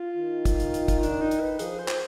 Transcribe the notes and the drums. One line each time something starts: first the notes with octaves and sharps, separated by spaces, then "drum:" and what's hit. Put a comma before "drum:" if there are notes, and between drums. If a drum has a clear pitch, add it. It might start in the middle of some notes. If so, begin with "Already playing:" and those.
Already playing: F4
D#3
drum: kick, hi-hat
drum: hi-hat
drum: hi-hat
drum: kick, hi-hat
D4, drum: hi-hat
D#4
drum: hi-hat
B4
F3 G#4, drum: hi-hat
C5
drum: clap